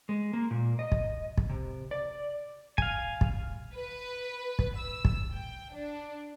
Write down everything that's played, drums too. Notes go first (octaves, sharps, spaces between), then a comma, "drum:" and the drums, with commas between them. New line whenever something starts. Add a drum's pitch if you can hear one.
G#3
A#3
A#2
D#5
drum: kick
drum: kick
C3
D5
F5 G#5, drum: kick
drum: kick
B4
drum: kick
E6
drum: kick
G5
D4